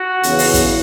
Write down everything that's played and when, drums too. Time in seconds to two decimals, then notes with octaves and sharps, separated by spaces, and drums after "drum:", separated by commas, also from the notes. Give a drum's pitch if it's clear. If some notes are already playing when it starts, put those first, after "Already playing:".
Already playing: F#4
0.23 E2 C#3 E3, drum: hi-hat
0.39 drum: open hi-hat
0.54 drum: kick, hi-hat